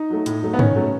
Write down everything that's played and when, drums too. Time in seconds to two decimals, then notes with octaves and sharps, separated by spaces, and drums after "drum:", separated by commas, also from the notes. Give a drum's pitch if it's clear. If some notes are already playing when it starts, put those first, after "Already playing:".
Already playing: D#4
0.10 F#3 A3
0.26 A2, drum: hi-hat
0.42 F#3 A3
0.53 B3
0.59 D#3 C#4, drum: tom
0.76 F#3 A3